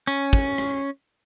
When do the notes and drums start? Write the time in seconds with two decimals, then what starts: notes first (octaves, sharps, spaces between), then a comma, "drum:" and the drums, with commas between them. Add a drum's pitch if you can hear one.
0.07 C#4
0.33 drum: kick
0.58 drum: rim click